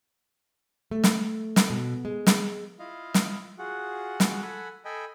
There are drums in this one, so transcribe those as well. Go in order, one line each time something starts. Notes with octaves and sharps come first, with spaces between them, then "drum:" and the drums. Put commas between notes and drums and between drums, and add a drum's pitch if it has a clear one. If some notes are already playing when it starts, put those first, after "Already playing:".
A3
drum: snare
drum: snare
B2
G#3
drum: snare
E4 F4 D#5 F5
drum: snare
F4 F#4 G#4 F#5
drum: snare
A4 F#5 G#5 B5
A4 D#5 G5 G#5 B5